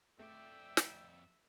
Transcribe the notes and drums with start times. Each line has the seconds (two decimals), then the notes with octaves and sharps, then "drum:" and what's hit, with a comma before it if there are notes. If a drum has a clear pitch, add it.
0.19 F2 A3 D5 E5 G5
0.77 drum: snare